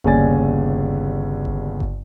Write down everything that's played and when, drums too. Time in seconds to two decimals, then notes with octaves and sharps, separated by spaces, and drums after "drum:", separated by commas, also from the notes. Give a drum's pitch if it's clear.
0.04 G1 D#2 C#3 D5 G#5 A6, drum: kick G1
1.45 drum: kick G1
1.80 drum: kick G1